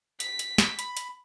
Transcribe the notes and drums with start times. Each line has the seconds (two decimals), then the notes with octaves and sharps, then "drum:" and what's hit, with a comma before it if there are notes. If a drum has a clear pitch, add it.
0.20 B6, drum: hi-hat
0.39 drum: hi-hat
0.58 drum: snare
0.79 B5, drum: hi-hat
0.97 drum: hi-hat